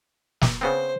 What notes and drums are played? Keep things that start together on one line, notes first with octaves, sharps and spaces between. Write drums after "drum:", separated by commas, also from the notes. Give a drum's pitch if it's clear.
drum: snare
C#3 B3 C4 C5